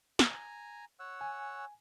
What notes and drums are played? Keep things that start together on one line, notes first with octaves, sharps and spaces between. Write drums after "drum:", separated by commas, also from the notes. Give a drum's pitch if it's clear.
G#5 A#5, drum: snare
C#5 F#5 E6
G#5